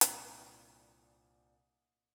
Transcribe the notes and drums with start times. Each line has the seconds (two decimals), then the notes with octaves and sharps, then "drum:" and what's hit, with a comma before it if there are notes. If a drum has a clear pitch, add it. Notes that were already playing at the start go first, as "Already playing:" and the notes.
0.01 C2 A#2 C4 D4 D#6 C#7, drum: hi-hat